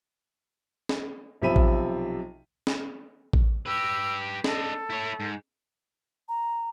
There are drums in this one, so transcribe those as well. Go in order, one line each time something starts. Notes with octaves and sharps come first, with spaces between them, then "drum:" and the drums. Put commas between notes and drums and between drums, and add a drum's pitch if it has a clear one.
drum: snare
B1 C3 F3 E5 B5 D#7
drum: kick A1
drum: snare
drum: kick A1
G4 B4 E6
D4 A4 D#5, drum: snare
E4 C#5
G#2
A#5